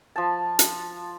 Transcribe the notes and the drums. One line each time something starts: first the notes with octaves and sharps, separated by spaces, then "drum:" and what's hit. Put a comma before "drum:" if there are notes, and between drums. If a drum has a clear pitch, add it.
F3 A5
drum: hi-hat